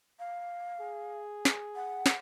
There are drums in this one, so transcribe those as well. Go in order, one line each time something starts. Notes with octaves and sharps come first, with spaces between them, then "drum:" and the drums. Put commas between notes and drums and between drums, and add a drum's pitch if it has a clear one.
F5
G#4
drum: snare
F#5
drum: snare